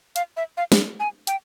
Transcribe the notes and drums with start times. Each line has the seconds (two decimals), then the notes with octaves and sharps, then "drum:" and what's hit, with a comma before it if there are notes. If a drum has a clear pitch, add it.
0.16 F5, drum: hi-hat
0.37 E5
0.57 F5
0.72 drum: snare
1.00 G#5
1.27 G5, drum: hi-hat